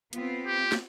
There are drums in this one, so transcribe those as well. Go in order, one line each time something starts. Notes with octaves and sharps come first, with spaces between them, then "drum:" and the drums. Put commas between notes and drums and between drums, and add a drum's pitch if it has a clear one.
B3 C4 F4, drum: hi-hat
G4
drum: snare